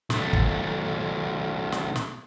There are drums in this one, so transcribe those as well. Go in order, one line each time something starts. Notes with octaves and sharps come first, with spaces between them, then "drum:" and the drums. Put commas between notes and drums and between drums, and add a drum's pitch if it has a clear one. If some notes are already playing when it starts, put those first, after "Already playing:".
B1 A3, drum: snare
drum: kick
drum: snare
drum: snare